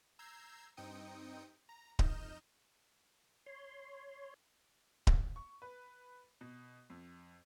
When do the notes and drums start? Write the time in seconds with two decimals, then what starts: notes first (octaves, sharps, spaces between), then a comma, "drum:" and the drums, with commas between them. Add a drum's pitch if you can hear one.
0.19 A#5 E6 G6 G#6 C7
0.77 G2 C4 D#4 G5 D#6 C#7
1.69 A#5
1.99 F2 D#4 D#5 F6 G6 E7, drum: kick D1
3.46 C#5 C6
5.07 drum: kick D1
5.36 C#6
5.62 B4
6.41 B2
6.90 F2